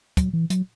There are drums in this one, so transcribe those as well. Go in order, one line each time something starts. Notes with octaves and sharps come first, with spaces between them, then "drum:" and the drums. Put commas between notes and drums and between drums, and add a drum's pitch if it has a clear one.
F#3, drum: kick, hi-hat
E3
F#3, drum: hi-hat